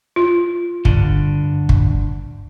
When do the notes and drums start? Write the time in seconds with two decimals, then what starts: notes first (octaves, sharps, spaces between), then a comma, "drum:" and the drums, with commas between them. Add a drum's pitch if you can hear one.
0.16 F4
0.85 G2 D3, drum: kick
1.69 drum: kick